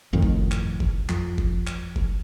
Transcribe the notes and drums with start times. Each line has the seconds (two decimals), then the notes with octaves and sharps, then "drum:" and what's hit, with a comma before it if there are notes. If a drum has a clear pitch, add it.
0.13 G1 F2 A2 D#3
0.23 drum: kick F#1
0.51 drum: clap
0.80 drum: kick F#1
1.09 F2, drum: clap
1.38 drum: kick F#1
1.67 drum: clap
1.96 drum: kick F#1